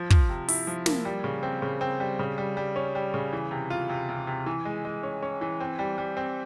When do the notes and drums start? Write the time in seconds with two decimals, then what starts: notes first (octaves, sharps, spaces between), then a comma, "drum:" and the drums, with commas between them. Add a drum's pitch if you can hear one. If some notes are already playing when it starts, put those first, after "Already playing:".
Already playing: F3
0.10 F3, drum: kick
0.29 C3
0.48 E4, drum: open hi-hat
0.67 F3
0.86 A#3, drum: snare
1.05 G3
1.24 C#3
1.43 C4
1.62 C#3
1.81 C4
2.00 G3
2.19 C#3
2.38 G3
2.57 G3
2.76 C#4
2.95 G3
3.14 C#3
3.33 E3
3.51 C3
3.70 F4
3.90 C3
4.09 C3
4.27 C3
4.46 E3
4.65 G#3
4.85 G#3
5.03 C#4
5.23 C#4
5.41 E3
5.60 C4
5.79 G3
5.98 G3
6.17 C4